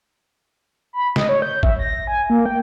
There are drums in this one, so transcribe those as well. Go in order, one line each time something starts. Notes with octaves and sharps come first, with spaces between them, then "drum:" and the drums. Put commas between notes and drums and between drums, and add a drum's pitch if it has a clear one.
B5
D#5, drum: snare
C#5
G6
E5, drum: kick G#1
A#6
G#5
A#3
G5